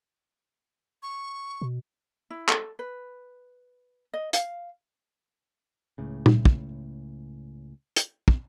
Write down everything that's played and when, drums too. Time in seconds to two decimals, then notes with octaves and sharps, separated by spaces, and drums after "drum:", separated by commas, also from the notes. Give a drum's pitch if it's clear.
1.03 C#6
1.62 B2
2.30 E4
2.49 A4, drum: clap
2.79 B4
4.13 D#5
4.33 F5, drum: hi-hat
5.98 C#2 A2 C#3
6.26 drum: tom
6.45 drum: kick
7.96 drum: hi-hat
8.28 drum: kick